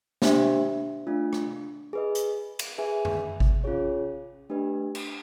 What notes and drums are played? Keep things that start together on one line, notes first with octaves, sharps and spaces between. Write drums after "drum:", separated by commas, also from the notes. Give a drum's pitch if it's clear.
A#3 D4 G4 C5 E5, drum: snare
A3 D4 F4
drum: rim click
G#4 B4 D#5
drum: hi-hat
drum: cymbal
G#4 B4 E5 G#5
drum: tom F#2
drum: kick G#1
C#4 F4 G#4 C#5
A3 D4 G4 B4 D#5
drum: cymbal